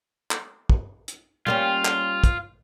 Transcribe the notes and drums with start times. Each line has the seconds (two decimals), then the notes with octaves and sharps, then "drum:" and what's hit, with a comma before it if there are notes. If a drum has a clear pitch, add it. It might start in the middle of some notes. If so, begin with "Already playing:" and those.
0.31 drum: clap
0.70 drum: kick
1.08 drum: hi-hat
1.47 G3 A#3 C#4 F4
1.85 drum: clap
2.24 drum: kick, hi-hat